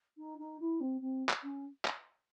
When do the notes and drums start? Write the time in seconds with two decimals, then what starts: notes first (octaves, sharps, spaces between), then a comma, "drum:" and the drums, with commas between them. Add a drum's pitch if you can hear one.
0.17 D#4
0.38 D#4
0.60 E4
0.80 C4
1.01 C4
1.29 drum: clap
1.43 C#4
1.85 drum: clap